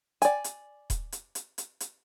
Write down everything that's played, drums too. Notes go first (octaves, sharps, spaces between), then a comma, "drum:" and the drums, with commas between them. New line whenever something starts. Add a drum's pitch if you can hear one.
D5 G#5, drum: hi-hat
drum: hi-hat
drum: kick D#1, hi-hat
drum: hi-hat
drum: hi-hat
drum: hi-hat
drum: hi-hat